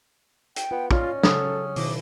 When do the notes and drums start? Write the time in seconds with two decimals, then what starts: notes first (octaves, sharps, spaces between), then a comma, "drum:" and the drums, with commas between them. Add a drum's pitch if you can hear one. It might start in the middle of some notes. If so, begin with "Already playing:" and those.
0.56 G5, drum: hi-hat
0.71 B3 F4
0.91 C#4 F4 D5 D#5, drum: kick
1.23 C#3 F#3 A4 F#5 D#6, drum: snare
1.76 B2 D#3 E4 D6, drum: open hi-hat